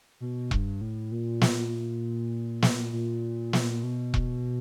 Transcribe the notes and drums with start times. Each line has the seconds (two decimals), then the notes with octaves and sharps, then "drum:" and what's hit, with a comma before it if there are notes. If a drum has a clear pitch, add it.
0.20 B2
0.51 G2, drum: kick E1
0.81 A2
1.12 A#2
1.41 drum: snare
2.62 drum: snare
2.93 A#2
3.53 drum: snare
3.83 B2
4.14 drum: kick E1